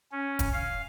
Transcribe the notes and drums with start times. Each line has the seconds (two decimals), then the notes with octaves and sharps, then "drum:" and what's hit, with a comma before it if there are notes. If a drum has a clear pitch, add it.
0.12 C#4
0.39 drum: kick, hi-hat
0.53 F5